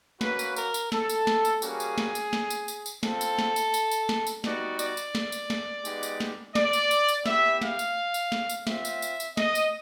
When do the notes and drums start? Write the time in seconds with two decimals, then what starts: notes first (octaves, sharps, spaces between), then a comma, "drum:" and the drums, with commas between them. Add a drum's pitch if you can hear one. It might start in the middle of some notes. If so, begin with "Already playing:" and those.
0.21 A#3 C#4 F#4 B4, drum: snare
0.39 drum: tambourine
0.56 A#4, drum: tambourine
0.74 drum: tambourine
0.92 A4, drum: snare
1.09 drum: tambourine
1.27 drum: snare
1.45 drum: tambourine
1.62 G3 A#3 C#4 F#4 G#4, drum: tambourine
1.80 drum: tambourine
1.98 drum: snare
2.15 drum: tambourine
2.33 drum: snare
2.50 drum: tambourine
2.68 drum: tambourine
2.86 drum: tambourine
3.03 C4 F4 A4, drum: snare
3.21 drum: tambourine
3.39 drum: snare
3.56 drum: tambourine
3.74 drum: tambourine
3.91 drum: tambourine
4.09 drum: snare
4.27 drum: tambourine
4.44 G3 B3 D#4 F#4 D5, drum: snare
4.79 D5, drum: tambourine
4.97 drum: tambourine
5.15 drum: snare
5.32 drum: tambourine
5.50 drum: snare
5.85 G#3 B3 D#4 G4, drum: tambourine
6.03 drum: tambourine
6.20 drum: snare
6.55 D5, drum: snare
6.73 drum: tambourine
6.91 drum: tambourine
7.09 drum: tambourine
7.26 B3 E4 G4 E5, drum: snare
7.61 F5, drum: snare
7.79 drum: tambourine
8.14 drum: tambourine
8.32 drum: snare
8.49 drum: tambourine
8.67 C4 F4 E5, drum: snare
8.85 drum: tambourine
9.02 drum: tambourine
9.20 drum: tambourine
9.37 D#5, drum: snare
9.55 drum: tambourine